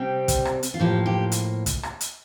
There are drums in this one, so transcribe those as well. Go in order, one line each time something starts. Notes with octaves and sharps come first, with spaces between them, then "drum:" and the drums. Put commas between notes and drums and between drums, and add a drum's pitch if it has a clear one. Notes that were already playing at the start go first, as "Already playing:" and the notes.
Already playing: C3 G3 C4 G4
drum: kick, hi-hat
drum: rim click
drum: hi-hat
F4
A2 F3 A#3 G4
G4
drum: hi-hat
drum: kick, hi-hat
drum: rim click
drum: hi-hat